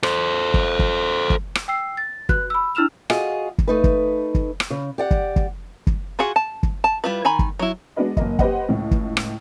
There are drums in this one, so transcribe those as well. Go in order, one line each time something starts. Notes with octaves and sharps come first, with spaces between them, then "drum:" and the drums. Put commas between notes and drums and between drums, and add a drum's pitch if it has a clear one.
A4 C5, drum: rim click
drum: kick
drum: kick
drum: kick
drum: rim click
G5 E6 C7
A6
F#4 B4 F#6, drum: kick
B5 E6
D4 E4 E6 F6 E7 F7
F4 F#4 G#4 D#5, drum: rim click
drum: kick
A3 D#4 B4
drum: kick
drum: kick
drum: rim click
C#3
G4 D5 F#5
drum: kick
drum: kick
drum: kick
F4 F#4 G#4 F#5
A5
drum: kick
A5
G3 E4 F4 B4
D#3 G#5 A#5 B5
drum: kick
F#3 E4
G#3 B3 D4 F#4 B4 D#5
F#1 A#3 D#5, drum: kick
G4 B4 C5 D#5 F#5, drum: kick
C#2 A2
drum: kick
drum: rim click